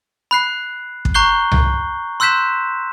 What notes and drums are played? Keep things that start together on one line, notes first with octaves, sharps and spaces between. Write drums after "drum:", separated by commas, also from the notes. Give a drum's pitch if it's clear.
B5 F#6 C7
drum: kick
A#5 C#6 F#6 G6 C7 G7
drum: tom C2
C6 E6 F#6 G6 B6 E7